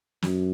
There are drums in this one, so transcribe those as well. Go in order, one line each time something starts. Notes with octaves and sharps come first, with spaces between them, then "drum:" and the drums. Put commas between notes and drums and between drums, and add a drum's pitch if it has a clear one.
F#2, drum: snare